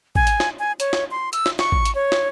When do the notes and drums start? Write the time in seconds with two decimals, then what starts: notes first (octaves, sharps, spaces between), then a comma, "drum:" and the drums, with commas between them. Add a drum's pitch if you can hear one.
0.15 G#5, drum: kick
0.27 drum: hi-hat
0.40 drum: snare
0.59 G#5
0.80 C#5, drum: hi-hat
0.93 drum: snare
1.11 C6
1.33 E6, drum: hi-hat
1.46 drum: snare
1.59 C#6, drum: snare
1.72 drum: kick
1.85 drum: hi-hat
1.95 C#5
2.12 drum: snare